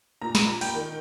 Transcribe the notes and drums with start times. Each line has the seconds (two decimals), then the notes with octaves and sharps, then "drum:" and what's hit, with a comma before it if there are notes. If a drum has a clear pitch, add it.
0.22 A#2 A#5
0.35 B5, drum: snare
0.49 A#5
0.61 G5, drum: open hi-hat
0.74 D#3 G5